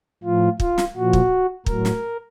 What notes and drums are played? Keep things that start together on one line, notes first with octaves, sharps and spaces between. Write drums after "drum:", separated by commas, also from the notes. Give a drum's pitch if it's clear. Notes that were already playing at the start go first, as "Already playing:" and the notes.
A2 F3 F4
F4, drum: kick
drum: snare
A#2 F3 F#4
drum: kick
A2 F#3 A#4, drum: kick
drum: snare